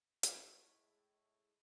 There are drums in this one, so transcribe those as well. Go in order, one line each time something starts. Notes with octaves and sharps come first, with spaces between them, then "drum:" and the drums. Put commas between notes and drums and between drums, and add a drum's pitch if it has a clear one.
A2 G#3 E4, drum: hi-hat